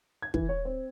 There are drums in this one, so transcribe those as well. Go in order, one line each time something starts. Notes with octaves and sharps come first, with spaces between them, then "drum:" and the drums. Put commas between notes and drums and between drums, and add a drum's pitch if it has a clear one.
G#6
E3, drum: kick
C#5
C4